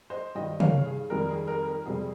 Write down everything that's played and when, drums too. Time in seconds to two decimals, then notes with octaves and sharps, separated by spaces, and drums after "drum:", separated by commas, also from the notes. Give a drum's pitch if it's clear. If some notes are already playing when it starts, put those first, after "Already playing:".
0.10 C5 D#5
0.35 G2 D#3 G3 D#5 G5
0.60 C#5 F5, drum: tom
0.86 G#4
1.10 F2 D#3 G3 A#4
1.29 G#4
1.48 A#4
1.68 A#4
1.85 F2 C3 G3 G#4 C5